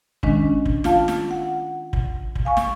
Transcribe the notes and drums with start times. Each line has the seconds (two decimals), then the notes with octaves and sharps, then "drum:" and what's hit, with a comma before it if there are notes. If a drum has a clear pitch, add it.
0.23 D#3 G#3 C#4 D4, drum: kick
0.65 drum: kick
0.84 F4 F5 A5, drum: snare
1.08 drum: snare
1.31 F#5
1.93 drum: kick
2.35 drum: kick
2.45 F5 G#5 C#6
2.57 drum: snare